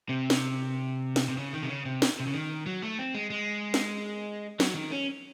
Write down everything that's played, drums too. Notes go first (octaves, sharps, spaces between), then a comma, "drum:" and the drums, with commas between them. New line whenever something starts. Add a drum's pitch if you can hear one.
C3
drum: snare
drum: snare
C3
C#3
D#3
C3
C#3
C3
drum: snare
C3
C#3
D#3
F#3
A3
C4
G#3
G#3
drum: snare
F#3, drum: snare
D#3
C#4